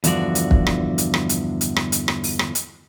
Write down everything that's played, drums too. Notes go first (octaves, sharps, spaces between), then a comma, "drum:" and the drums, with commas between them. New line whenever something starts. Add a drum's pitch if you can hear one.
E2 G2 D3 F3 F#4 D5, drum: hi-hat
drum: hi-hat
drum: kick
drum: rim click
drum: hi-hat
drum: rim click
drum: hi-hat
drum: hi-hat
drum: rim click
drum: hi-hat
drum: rim click
drum: open hi-hat
drum: rim click
drum: hi-hat